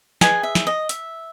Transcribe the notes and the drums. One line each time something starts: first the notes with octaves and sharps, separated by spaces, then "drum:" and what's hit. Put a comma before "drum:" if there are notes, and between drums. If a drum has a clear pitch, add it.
G#4 B4 D#5 G#5, drum: snare
E5
drum: snare
D#5
E5, drum: hi-hat